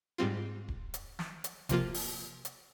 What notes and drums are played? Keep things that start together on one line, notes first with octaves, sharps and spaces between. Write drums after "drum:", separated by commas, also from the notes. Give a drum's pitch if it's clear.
G#2 G3 C4 F4
drum: kick D1
drum: hi-hat
drum: snare
drum: hi-hat
C3 F3 A#3 F4, drum: kick D1, hi-hat
drum: open hi-hat
drum: hi-hat